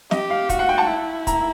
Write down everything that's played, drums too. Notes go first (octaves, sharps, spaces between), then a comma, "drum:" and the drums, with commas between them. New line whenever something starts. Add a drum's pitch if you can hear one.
G4 D#5, drum: snare
F5
F#4 F5, drum: kick, hi-hat
F#5
G5
A5
E4
A#5, drum: kick, hi-hat